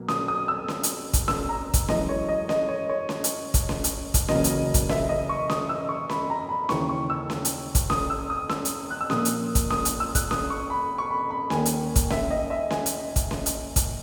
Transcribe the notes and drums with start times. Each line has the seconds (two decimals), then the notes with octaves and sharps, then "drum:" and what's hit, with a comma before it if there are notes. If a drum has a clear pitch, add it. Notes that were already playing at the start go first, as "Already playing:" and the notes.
Already playing: B1 B2 F#3 A#3
0.08 D#6, drum: snare C#4
0.28 D#6
0.48 E6
0.68 drum: snare C#4
0.83 drum: hi-hat
1.13 drum: kick, hi-hat
1.28 E6, drum: snare C#4
1.49 A#5
1.74 drum: kick, hi-hat
1.88 F#2 E3 G#3 D#5, drum: snare C#4
2.09 C#5
2.29 D#5
2.49 D#5, drum: snare C#4
2.68 C#5
2.89 C#5
3.09 drum: snare C#4
3.24 drum: hi-hat
3.54 drum: kick, hi-hat
3.69 drum: snare C#4
3.84 drum: hi-hat
4.14 drum: kick, hi-hat
4.28 E2 C#3 F#3 A#3 D#5, drum: snare C#4
4.44 drum: hi-hat
4.74 drum: kick, hi-hat
4.89 E5, drum: snare C#4
5.09 D#5
5.29 C#6
5.50 D#6, drum: snare C#4
5.69 E6
5.89 C#6
6.09 B5, drum: snare C#4
6.30 A#5
6.49 B5
6.69 D#2 C#3 E3 C#6, drum: snare C#4
6.89 C#6
7.10 E6
7.30 drum: snare C#4
7.45 drum: hi-hat
7.75 drum: kick, hi-hat
7.90 D#6, drum: snare C#4
8.10 E6
8.30 D#6
8.49 E6, drum: snare C#4
8.65 drum: hi-hat
8.90 F#6
9.01 E6
9.10 A#1 A#2 A#3 D#6, drum: snare C#4
9.25 drum: hi-hat
9.55 drum: kick, hi-hat
9.70 D#6, drum: snare C#4
9.85 drum: hi-hat
10.00 E6
10.15 F#6, drum: kick, hi-hat
10.31 D#6, drum: snare C#4
10.50 C#6
10.70 B5
10.98 C#6
11.11 B5
11.30 B5
11.50 D#2 D#3 A#3 G#5, drum: snare C#4
11.65 drum: hi-hat
11.96 drum: kick, hi-hat
12.10 E5, drum: snare C#4
12.31 D#5
12.50 E5
12.71 G#5, drum: snare C#4
12.86 drum: hi-hat
13.16 drum: kick, hi-hat
13.31 drum: snare C#4
13.46 drum: hi-hat
13.76 drum: kick, hi-hat